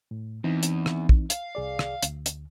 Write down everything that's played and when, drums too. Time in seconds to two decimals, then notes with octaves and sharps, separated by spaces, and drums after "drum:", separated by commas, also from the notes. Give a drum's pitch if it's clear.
0.11 A2
0.44 E2 E3 C4 D#4
0.63 drum: hi-hat
0.86 drum: rim click
1.09 drum: kick
1.30 F5, drum: hi-hat
1.55 C2 G#4 D5
1.79 drum: rim click
2.03 D2, drum: hi-hat
2.26 drum: hi-hat